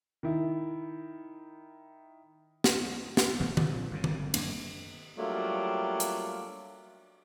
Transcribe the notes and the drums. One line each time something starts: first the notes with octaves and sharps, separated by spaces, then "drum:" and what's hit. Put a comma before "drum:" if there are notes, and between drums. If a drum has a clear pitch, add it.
D#3 E4
drum: snare
drum: snare
G1 B2 E3 A3
A#2 D3 F3, drum: tom D#3
G1 F#2 C#3
drum: tom D#3
F#2 A#3 D4, drum: cymbal
F#3 G3 A3 A#3 D4 F4
drum: hi-hat